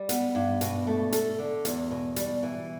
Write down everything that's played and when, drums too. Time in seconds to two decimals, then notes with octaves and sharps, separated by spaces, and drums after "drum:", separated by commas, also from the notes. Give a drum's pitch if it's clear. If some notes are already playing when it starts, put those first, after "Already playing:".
Already playing: G3
0.09 B3, drum: hi-hat
0.35 G2
0.61 B2, drum: hi-hat
0.87 A3
1.12 A4, drum: hi-hat
1.39 D3
1.65 E2, drum: hi-hat
1.91 B2
2.16 G3, drum: hi-hat
2.43 E3